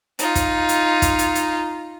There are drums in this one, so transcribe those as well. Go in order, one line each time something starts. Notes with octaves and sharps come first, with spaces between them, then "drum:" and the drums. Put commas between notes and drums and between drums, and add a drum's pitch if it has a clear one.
D#4 F4, drum: hi-hat
drum: kick, hi-hat
drum: hi-hat
drum: kick, hi-hat
drum: hi-hat
drum: hi-hat